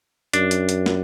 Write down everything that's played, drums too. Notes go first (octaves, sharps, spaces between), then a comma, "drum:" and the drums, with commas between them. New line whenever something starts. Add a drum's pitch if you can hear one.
F#2 D4, drum: hi-hat
drum: hi-hat
drum: hi-hat
drum: snare